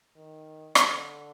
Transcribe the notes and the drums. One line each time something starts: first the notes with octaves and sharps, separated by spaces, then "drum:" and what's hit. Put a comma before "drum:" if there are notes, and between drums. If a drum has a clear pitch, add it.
D#3
D3, drum: rim click